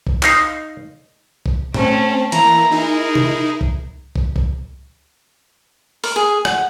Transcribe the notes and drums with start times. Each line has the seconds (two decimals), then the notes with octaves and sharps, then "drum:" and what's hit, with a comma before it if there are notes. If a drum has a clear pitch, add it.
0.07 drum: kick
0.23 D#4 F5, drum: clap
1.46 drum: kick
1.74 A3 C4 C#4, drum: tom
2.32 E3 A#3 E4 A#5, drum: hi-hat
2.71 D#4 E4 G#4 A#4
3.15 drum: tom
3.61 drum: kick
4.16 drum: kick
4.36 drum: kick
6.04 A#4, drum: open hi-hat
6.16 G#4
6.45 F#5, drum: rim click